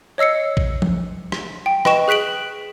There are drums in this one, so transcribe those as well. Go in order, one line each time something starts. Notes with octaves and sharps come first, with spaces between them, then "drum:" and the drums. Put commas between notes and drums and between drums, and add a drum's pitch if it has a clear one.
C#5 D#5 E6 C7 C#7
drum: kick A#1
drum: tom F3
drum: rim click
G5
B4 D#5 G5 C#6 E7, drum: rim click
G#4 F#6 B6 D7 F#7